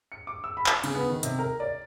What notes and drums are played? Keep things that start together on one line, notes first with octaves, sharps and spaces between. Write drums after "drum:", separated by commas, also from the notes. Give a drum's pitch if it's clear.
C#7
D6
E6
B5
drum: clap
C#3, drum: cymbal
B3
D#3
C3, drum: hi-hat
A#4
D5